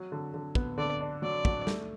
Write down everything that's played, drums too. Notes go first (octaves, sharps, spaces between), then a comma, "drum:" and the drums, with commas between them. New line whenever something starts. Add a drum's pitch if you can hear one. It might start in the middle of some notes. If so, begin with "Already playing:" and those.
Already playing: F#3
D3
D3
B3, drum: kick
D3 D5
D4
F#3 D5
F#3, drum: kick
A3, drum: snare